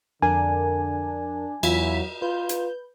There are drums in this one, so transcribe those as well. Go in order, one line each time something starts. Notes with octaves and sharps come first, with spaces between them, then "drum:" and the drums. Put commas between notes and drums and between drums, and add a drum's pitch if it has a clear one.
F2 D3 D4 A#4 G#5
E2 F#3 E4 F4 B6, drum: cymbal
F4 B4 G6
drum: hi-hat